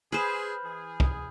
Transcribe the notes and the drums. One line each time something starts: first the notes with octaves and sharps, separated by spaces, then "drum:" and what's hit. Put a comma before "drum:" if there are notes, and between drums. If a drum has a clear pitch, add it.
G#4 B4 C5 B5 F6 G6
E3 G#4
drum: kick